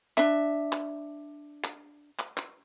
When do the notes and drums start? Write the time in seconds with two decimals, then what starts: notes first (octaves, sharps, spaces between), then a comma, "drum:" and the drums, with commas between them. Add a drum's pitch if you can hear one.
0.17 D4 E5, drum: clap
0.72 drum: clap
1.64 drum: clap
2.19 drum: clap
2.37 drum: clap